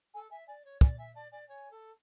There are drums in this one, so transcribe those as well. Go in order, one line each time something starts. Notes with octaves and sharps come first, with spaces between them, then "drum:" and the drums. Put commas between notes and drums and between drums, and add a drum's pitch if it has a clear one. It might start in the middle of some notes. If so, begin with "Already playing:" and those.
A4 G#5
E5 G#5
D5 G#5
C#5
D5 G#5, drum: kick
E5 G#5
D5 A5
D5 G#5
C#5 G#5
A4